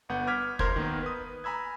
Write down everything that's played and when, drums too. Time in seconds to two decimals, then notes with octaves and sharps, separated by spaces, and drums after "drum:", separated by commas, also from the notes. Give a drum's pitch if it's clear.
0.09 G1 B3 F#5 G6
0.27 D6 F6 G#6 B6
0.59 B1 A#4 C5 C6 G6 G#6, drum: kick
0.76 D#3 A#3 B3
1.02 B4 D#6
1.44 G#5 A#5 B5 E6 G#6